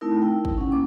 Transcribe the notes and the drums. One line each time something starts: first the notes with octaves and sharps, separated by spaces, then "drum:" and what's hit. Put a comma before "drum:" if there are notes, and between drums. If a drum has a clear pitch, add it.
A3 C4 D#4 E4 A#4
G5
drum: kick
C#4 F#5
A#3 D6